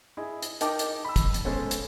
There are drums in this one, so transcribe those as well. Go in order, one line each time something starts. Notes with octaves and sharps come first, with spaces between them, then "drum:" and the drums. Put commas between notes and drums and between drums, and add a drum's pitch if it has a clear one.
E4 G#4 D#5
drum: hi-hat
D#4 A#4 G5 A5 D6, drum: hi-hat
drum: hi-hat
B5 E6
drum: kick, hi-hat
drum: hi-hat
G#3 B3 C#4 A4 C5 C#5
drum: hi-hat